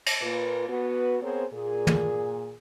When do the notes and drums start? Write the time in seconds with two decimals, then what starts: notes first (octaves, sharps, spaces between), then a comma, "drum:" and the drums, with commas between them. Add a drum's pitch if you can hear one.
0.06 drum: cymbal
0.20 A#2 A#3 F4 B4
0.68 B3 F#4 B4
1.22 B3 C4 G#4 A#4 C5 C#5
1.52 A#2 G#4
1.87 drum: tom